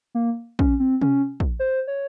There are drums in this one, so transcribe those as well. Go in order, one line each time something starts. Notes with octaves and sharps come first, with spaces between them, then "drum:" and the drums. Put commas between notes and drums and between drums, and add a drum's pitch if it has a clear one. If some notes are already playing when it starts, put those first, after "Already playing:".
A#3
C#4, drum: kick
C4
C#4, drum: tom C3
drum: kick
C5
C#5